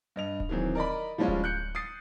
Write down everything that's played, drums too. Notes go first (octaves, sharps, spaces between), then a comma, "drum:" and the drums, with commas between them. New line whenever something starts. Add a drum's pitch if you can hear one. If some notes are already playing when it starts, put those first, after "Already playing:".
G2 D#5 F7
drum: kick D1
D#3 E3 F#3 C4 G#4
A#4 D5 D#5 B5
F3 G3 G#3 C#4 F4
drum: kick D1
F#6 G6 C#7
D#6 A6 C7